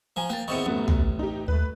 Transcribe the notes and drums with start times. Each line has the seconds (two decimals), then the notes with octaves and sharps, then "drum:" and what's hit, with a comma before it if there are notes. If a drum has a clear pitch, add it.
0.16 F3 G#5 A#5
0.30 A#3 G5 A6
0.48 E2 C3 D#3 C#6 C#7
0.66 A1 F#2 B3
0.88 drum: tom
1.19 D#4 G4
1.48 D#2 A3 B4